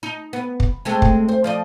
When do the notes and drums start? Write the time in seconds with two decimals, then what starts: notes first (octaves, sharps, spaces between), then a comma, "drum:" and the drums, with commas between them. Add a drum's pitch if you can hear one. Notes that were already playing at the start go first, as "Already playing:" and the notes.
0.03 D#4
0.33 B3
0.60 drum: kick
0.85 G#3 A3 C4
1.02 drum: kick
1.29 C5
1.44 F3 D5 D#5